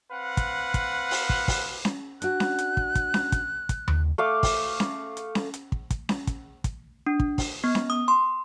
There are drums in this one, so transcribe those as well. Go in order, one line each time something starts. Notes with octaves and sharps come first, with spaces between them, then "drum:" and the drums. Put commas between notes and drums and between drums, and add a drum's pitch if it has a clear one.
C4 B4 F5 F#5
drum: kick, hi-hat
drum: kick, hi-hat
drum: open hi-hat
drum: kick
drum: kick, open hi-hat
drum: snare C#4
D4 F#4 F#6, drum: hi-hat
drum: snare C#4
drum: hi-hat
drum: kick
drum: kick, hi-hat
drum: snare C#4
drum: kick, hi-hat
drum: kick, hi-hat
drum: tom D#2
A3 F5 D6
drum: kick, open hi-hat
drum: snare C#4
drum: hi-hat
drum: snare C#4
drum: hi-hat
drum: kick
drum: kick, hi-hat
drum: snare C#4
drum: kick, hi-hat
drum: kick, hi-hat
D4
drum: kick
drum: kick, open hi-hat
B3
drum: snare C#4
D#6
C6